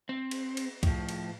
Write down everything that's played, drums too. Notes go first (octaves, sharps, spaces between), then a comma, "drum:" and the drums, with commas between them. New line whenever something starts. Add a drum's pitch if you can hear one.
C4
drum: cymbal
drum: cymbal
A2 F3, drum: kick C#2, cymbal
drum: cymbal